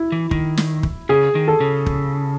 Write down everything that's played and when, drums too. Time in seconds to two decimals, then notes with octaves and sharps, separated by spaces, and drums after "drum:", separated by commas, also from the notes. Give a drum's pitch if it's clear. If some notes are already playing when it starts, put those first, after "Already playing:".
Already playing: E4
0.12 E3
0.31 D#3, drum: kick
0.57 drum: snare
0.83 drum: kick
1.09 C#3 G#4
1.35 D#3
1.48 A4
1.60 C#3
1.86 drum: kick